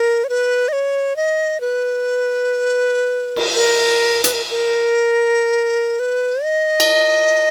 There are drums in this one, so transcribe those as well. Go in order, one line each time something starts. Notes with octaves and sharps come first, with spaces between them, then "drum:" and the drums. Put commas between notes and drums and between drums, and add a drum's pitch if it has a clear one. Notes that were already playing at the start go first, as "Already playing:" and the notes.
Already playing: A#4
C#5
B4
D#5
C#5
D#5
B4
A#4, drum: cymbal
A#4
B4, drum: hi-hat
A#4
A#4
B4
D#5
drum: cymbal